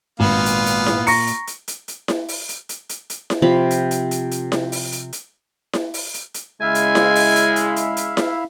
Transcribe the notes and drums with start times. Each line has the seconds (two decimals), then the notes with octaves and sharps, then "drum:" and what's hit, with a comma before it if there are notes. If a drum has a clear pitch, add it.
0.20 G#1 A#2 B3 F5
0.46 drum: hi-hat
0.66 drum: hi-hat
0.86 drum: snare E4
1.07 A#5 C#6 A#6 C#7, drum: open hi-hat
1.27 drum: hi-hat
1.47 drum: hi-hat
1.68 drum: hi-hat
1.88 drum: hi-hat
2.08 drum: snare E4
2.28 drum: open hi-hat
2.49 drum: hi-hat
2.69 drum: hi-hat
2.89 drum: hi-hat
3.10 drum: hi-hat
3.30 drum: snare E4
3.42 C3 F3 F5 B5
3.71 drum: hi-hat
3.91 drum: hi-hat
4.11 drum: hi-hat
4.31 drum: hi-hat
4.52 drum: snare E4
4.72 drum: open hi-hat
4.92 drum: hi-hat
5.13 drum: hi-hat
5.73 drum: snare E4
5.94 drum: open hi-hat
6.14 drum: hi-hat
6.34 drum: hi-hat
6.61 C#3 G#3 E4 E5 F5 G#5
6.75 drum: hi-hat
6.95 drum: snare E4
7.15 drum: open hi-hat
7.36 drum: hi-hat
7.56 drum: hi-hat
7.76 drum: hi-hat
7.97 drum: hi-hat
8.17 drum: snare E4